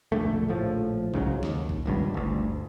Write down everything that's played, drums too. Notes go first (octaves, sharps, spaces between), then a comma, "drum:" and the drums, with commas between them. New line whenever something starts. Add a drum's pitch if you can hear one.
E1 A#1 D3 A3
A#1 A2 F3
G#2 C#3 E3 F#3, drum: kick B1
D#2, drum: snare
drum: kick B1
D#1 C#2 G2
G1 D2